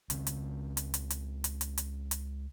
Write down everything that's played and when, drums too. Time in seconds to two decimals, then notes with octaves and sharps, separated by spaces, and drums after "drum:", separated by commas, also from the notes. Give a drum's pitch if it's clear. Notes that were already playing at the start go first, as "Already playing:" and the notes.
0.10 C#2 C#3 F3 C4, drum: hi-hat
0.27 drum: hi-hat
0.77 drum: hi-hat
0.94 drum: hi-hat
1.10 drum: hi-hat
1.44 drum: hi-hat
1.61 drum: hi-hat
1.78 drum: hi-hat
2.11 drum: hi-hat